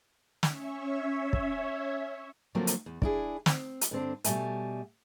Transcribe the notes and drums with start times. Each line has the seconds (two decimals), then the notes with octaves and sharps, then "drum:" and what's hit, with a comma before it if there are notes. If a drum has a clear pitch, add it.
0.43 C#4 C#5 E5, drum: snare
1.33 drum: kick
2.55 D3 F3 F#3 A3 A#3 C4
2.67 drum: hi-hat
2.86 E2
3.02 D4 E4 G#4, drum: kick
3.46 C4, drum: snare
3.81 drum: hi-hat
3.91 G2 D3 C4 D4
4.24 B2 G3 A3 E5 G#5, drum: hi-hat